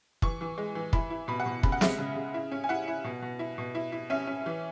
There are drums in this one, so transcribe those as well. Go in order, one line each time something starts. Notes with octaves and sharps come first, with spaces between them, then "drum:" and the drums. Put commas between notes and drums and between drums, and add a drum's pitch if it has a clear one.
E3 C#6, drum: kick
E3
G#3
E3
E4 B5, drum: kick
E4
B2 B5
F#5
B2
C#3 B5, drum: kick
F#5
G#3 E5, drum: snare
C#3
C#3
E4
C#4
G#5
E4 F#5
E4
B2
B2
E4
B2
E4
E4
C#4 E5
C#4
E3